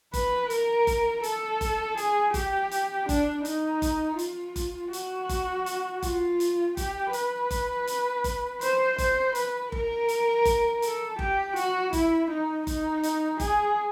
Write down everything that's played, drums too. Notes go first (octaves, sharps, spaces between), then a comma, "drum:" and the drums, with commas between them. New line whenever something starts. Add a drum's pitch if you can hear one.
B4, drum: kick F#1, hi-hat
A#4, drum: hi-hat
drum: kick F#1, hi-hat
A4, drum: hi-hat
drum: kick F#1, hi-hat
G#4, drum: hi-hat
G4, drum: kick F#1, hi-hat
drum: hi-hat
D4, drum: kick F#1, hi-hat
D#4, drum: hi-hat
drum: kick F#1, hi-hat
F4, drum: hi-hat
drum: kick F#1, hi-hat
F#4, drum: hi-hat
drum: kick F#1, hi-hat
drum: hi-hat
F4, drum: kick F#1, hi-hat
drum: hi-hat
G4, drum: kick F#1, hi-hat
B4, drum: hi-hat
drum: kick F#1, hi-hat
drum: hi-hat
drum: kick F#1, hi-hat
C5, drum: hi-hat
C5, drum: kick F#1, hi-hat
B4, drum: hi-hat
A#4, drum: kick F#1
drum: hi-hat
drum: kick F#1, hi-hat
A4, drum: hi-hat
G4, drum: kick F#1
F#4, drum: hi-hat
E4, drum: kick F#1, hi-hat
D#4
D#4, drum: kick F#1, hi-hat
drum: hi-hat
G#4, drum: kick F#1, hi-hat